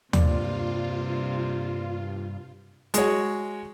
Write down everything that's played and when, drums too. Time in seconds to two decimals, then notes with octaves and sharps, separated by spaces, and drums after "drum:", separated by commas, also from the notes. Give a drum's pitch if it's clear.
0.13 G2 C3 A#3 F4 D5, drum: tom D#2
2.94 G#3 F#4 C#5, drum: hi-hat